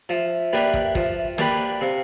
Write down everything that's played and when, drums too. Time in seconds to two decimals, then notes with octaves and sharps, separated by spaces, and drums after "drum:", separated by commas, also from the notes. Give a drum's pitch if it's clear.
0.09 F3 E5 F5
0.53 A#3 D4 G4 B4
0.74 drum: kick
0.95 F3, drum: kick
1.38 A#3 D4 G4 B4, drum: snare
1.81 C3 F5